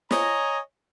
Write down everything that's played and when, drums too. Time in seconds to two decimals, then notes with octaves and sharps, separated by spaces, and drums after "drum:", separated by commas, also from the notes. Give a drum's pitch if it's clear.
0.11 C#5 D#5 G#5 A#5, drum: snare